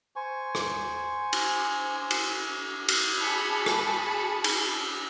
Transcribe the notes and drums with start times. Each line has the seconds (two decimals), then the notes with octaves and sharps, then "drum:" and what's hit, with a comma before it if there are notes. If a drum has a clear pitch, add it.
0.16 C5 G#5 C#6
0.55 drum: rim click
1.33 drum: cymbal
2.11 drum: cymbal
2.88 drum: cymbal
3.21 F#4 G#4 G#5 A5 B5 C#7
3.66 drum: rim click
4.44 drum: cymbal